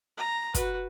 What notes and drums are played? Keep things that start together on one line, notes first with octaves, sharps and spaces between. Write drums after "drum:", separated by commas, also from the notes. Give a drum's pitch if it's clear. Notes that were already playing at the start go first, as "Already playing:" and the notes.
A#5
F#4 B4, drum: kick, hi-hat